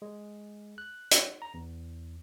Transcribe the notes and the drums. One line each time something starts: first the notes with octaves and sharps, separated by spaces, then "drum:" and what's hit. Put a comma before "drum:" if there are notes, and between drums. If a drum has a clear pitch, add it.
G#3
F#6
drum: hi-hat
A#5
E2